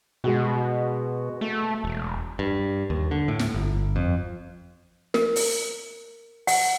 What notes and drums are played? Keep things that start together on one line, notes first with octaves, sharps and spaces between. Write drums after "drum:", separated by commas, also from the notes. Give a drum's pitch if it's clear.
B2 G#3 F#4
A3
E1
G2
D#2
D3
A2
drum: snare
G1
F2
A#4, drum: snare
drum: open hi-hat
F#5, drum: open hi-hat